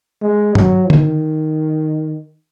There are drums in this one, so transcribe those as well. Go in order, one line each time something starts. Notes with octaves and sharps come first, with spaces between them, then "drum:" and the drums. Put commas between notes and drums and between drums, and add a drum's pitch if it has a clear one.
G#3
F#3, drum: tom
D#3, drum: tom